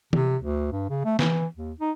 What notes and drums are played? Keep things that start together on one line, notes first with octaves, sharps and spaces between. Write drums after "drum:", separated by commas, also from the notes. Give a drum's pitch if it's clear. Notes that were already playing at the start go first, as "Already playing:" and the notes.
C3, drum: tom
D2
G2
C#3
A3
E3, drum: snare
D#2
D#4